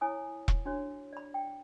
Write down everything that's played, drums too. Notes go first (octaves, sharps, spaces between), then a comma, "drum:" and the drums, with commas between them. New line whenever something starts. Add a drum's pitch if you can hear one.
E4 C#5 G#5 D#6
drum: kick E1
D4 F#4 C#5
D5 B5
G5